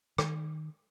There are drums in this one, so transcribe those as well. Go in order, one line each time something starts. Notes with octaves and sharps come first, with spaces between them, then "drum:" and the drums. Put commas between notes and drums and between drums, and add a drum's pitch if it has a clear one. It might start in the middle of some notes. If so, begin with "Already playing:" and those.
D#3, drum: rim click